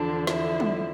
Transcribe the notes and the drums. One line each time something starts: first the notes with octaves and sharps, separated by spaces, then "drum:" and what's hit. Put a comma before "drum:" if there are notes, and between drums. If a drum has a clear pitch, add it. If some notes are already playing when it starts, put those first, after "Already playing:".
Already playing: E2 D3 F3 D4
E4, drum: snare
drum: tom